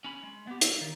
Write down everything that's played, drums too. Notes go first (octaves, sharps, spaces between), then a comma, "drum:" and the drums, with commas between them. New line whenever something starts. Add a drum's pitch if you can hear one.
C#4 B5
G#3
B3 G4
A4 F5, drum: hi-hat
D#3